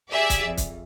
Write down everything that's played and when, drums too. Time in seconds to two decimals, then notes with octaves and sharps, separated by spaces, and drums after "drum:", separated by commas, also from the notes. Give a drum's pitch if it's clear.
0.11 G4 G#4 D5 E5
0.30 drum: kick, hi-hat
0.44 F2
0.57 drum: kick, hi-hat